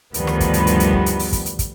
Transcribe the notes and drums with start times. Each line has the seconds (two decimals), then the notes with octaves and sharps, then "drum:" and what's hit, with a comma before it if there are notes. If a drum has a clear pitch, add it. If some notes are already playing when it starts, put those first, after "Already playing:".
0.14 D2 G2 D#3 F3 G3 B3, drum: hi-hat
0.27 drum: rim click
0.40 drum: kick, hi-hat
0.54 drum: hi-hat
0.67 drum: hi-hat
0.80 drum: hi-hat
0.93 drum: kick
1.06 drum: hi-hat
1.19 drum: open hi-hat
1.33 drum: kick, hi-hat
1.46 drum: hi-hat
1.59 drum: kick, hi-hat